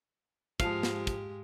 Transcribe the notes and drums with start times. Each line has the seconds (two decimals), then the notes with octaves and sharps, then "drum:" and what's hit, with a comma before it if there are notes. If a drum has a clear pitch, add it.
0.60 G#2 F3 G#3 G4 F5 A5, drum: kick, hi-hat
0.83 drum: snare
1.07 drum: kick, hi-hat